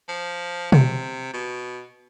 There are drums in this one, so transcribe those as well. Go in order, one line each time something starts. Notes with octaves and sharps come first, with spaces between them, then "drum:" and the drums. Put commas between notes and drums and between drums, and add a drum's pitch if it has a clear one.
F3
C3, drum: tom B2
B2